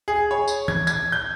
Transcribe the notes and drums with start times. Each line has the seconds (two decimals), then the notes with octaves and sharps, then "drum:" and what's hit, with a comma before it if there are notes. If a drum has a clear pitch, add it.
0.08 G#4
0.31 C#5
0.48 drum: tambourine
0.68 G#6, drum: tom
0.87 G#6, drum: tambourine
1.12 G6